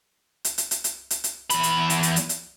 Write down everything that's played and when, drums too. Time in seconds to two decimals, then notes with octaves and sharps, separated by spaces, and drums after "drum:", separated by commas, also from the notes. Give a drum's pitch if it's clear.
0.45 drum: hi-hat
0.58 drum: hi-hat
0.71 drum: hi-hat
0.84 drum: hi-hat
1.10 drum: hi-hat
1.24 drum: hi-hat
1.50 E2 B5, drum: hi-hat
1.63 drum: hi-hat
1.90 drum: hi-hat
2.03 drum: hi-hat
2.16 drum: hi-hat
2.29 drum: hi-hat